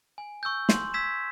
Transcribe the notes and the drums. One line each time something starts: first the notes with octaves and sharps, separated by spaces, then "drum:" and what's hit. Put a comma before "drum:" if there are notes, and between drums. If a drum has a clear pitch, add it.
G#5
C#6 E6 G6
C6, drum: snare
E6 G#6 B6 E7